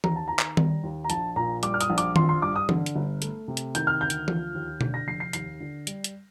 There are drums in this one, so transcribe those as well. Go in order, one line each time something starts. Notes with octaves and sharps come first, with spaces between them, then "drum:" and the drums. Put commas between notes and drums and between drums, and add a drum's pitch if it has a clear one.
D#2 A#5, drum: tom E3
A5
D#3 A#5
drum: clap
G3, drum: tom D#3
D#2
A#5
A#1 A5, drum: hi-hat
A#2 A#5
G3 D6, drum: hi-hat
F6
D#6, drum: hi-hat
A#1
D6, drum: hi-hat
F3 C6, drum: tom D#3
C6
G2 D6
D#6
D3, drum: tom E3
drum: hi-hat
G1
A3, drum: hi-hat
C3
drum: hi-hat
D#3 G6, drum: hi-hat
F6
D2 G6
drum: hi-hat
F3, drum: tom E3
D#2
D3, drum: tom B2
A#6
F1 C7
C7
D#2 C7, drum: hi-hat
D3
G3, drum: hi-hat
drum: hi-hat